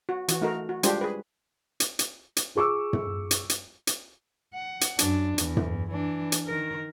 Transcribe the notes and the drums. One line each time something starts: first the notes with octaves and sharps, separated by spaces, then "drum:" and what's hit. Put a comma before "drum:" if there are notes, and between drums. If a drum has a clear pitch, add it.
F#4
E3 F#4, drum: hi-hat
A3 D#4 F#4 A#4
F#4
G3 G#3 D4 F4 G4 C5, drum: hi-hat
G#4 B4
drum: hi-hat
drum: hi-hat
drum: hi-hat
F4 G#4 C#6 D6 E6
drum: tom
drum: hi-hat
drum: hi-hat
drum: hi-hat
F#5
drum: hi-hat
F#2 D4, drum: hi-hat
E2, drum: hi-hat
drum: tom
E3 D4
drum: hi-hat
D#3 A#4